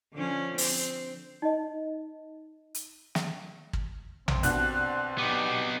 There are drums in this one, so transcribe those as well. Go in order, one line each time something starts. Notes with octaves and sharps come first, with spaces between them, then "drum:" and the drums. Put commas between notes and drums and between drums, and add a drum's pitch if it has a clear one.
D3 F3 C#4
C4, drum: open hi-hat
D#4 D#5
drum: hi-hat
drum: snare
drum: kick
C4, drum: tom A#1
C2 B2 D4 F#6, drum: hi-hat
B3 D#4 G4